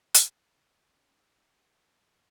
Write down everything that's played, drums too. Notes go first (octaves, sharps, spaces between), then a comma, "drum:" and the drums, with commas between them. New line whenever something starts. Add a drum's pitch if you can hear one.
drum: hi-hat
C#2 C#3
A#3 C#4 D#4 G4
G#3
D#3 G#4 F#5 G#5
G2 F3 A5